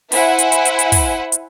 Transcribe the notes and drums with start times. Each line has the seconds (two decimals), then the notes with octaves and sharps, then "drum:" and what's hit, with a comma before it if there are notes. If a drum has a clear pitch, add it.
0.12 E4 C5 E5 F#5 G#5, drum: open hi-hat
0.39 drum: hi-hat
0.52 drum: hi-hat
0.65 drum: hi-hat
0.79 drum: hi-hat
0.92 drum: kick, open hi-hat
1.32 drum: hi-hat